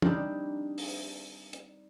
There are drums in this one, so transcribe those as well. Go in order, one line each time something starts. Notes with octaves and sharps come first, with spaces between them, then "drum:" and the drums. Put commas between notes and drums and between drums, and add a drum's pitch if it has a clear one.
G3 C4 D4 D#4, drum: tom
drum: open hi-hat
drum: hi-hat